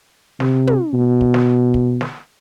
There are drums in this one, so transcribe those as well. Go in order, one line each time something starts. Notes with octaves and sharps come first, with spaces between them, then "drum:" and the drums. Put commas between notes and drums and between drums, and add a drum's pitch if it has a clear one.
C3, drum: snare
drum: tom
B2
drum: kick
drum: snare
drum: kick
drum: snare